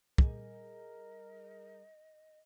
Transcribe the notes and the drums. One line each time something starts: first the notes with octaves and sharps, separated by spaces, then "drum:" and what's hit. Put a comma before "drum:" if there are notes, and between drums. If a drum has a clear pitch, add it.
G3 G#4 A#4 D#5, drum: kick